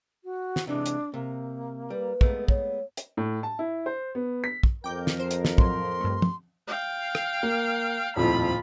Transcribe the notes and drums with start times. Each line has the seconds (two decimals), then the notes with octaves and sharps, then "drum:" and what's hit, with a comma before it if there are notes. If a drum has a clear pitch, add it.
0.24 F#4
0.56 drum: snare
0.67 C3 E3 G#3 D4
0.86 drum: hi-hat
1.14 C3 A#3
1.90 G3 B4
2.21 G#3 A3 B3, drum: kick
2.48 C#5, drum: kick
2.97 drum: hi-hat
3.17 A2
3.43 A5
3.59 E4
3.86 C5
4.15 B3
4.44 B6
4.63 drum: kick
4.84 F2 A#4 G5 D6 G6
5.07 drum: snare
5.20 C5
5.31 drum: hi-hat
5.45 drum: snare
5.58 A2 F#3 C6, drum: kick
6.01 G2 A3
6.22 drum: tom
6.67 F5 G5
7.15 drum: rim click
7.43 A#3
8.16 D#1 F2 A2 F4 B5